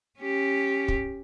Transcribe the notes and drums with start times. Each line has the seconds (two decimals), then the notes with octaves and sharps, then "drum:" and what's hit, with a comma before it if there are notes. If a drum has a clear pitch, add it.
0.19 C#4 G4
0.88 drum: kick